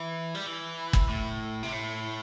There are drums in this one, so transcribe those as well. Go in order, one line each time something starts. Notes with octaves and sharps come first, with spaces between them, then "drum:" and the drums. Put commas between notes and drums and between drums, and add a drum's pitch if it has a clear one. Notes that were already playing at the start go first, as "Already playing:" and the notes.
Already playing: E3
G3
E3
drum: kick
A2
C3
A2